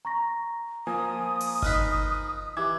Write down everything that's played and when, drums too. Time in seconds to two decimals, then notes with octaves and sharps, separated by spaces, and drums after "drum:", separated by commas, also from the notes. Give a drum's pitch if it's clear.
0.05 A#5 C#6 A#6
0.87 F3 A#3 G#5 D#6
1.40 drum: open hi-hat
1.62 D#4 B4 D#5 F6 B6, drum: kick G1
2.57 E3 G4 D6 G#6